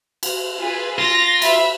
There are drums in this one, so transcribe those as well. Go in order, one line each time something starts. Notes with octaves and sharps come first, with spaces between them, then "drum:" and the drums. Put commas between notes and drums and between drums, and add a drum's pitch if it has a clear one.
drum: cymbal
F4 G#4 B4
F4 A#6
E5 B5, drum: cymbal